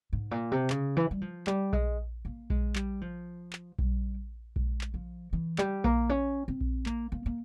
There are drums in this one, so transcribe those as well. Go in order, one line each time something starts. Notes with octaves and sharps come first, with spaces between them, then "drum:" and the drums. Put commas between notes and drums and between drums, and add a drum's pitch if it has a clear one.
G#2
A#2
C3
C#3, drum: clap
E3
G3
F3
G3, drum: clap
G#3, drum: kick A#1
A#3
G#3, drum: kick A#1
G3, drum: clap
F3
drum: clap
G3, drum: kick A#1
G#3, drum: kick A#1
drum: clap
F3
E3
G3, drum: clap
A#3, drum: kick A#1
C#4
C4
drum: kick A#1
A#3, drum: clap
A#3
A#3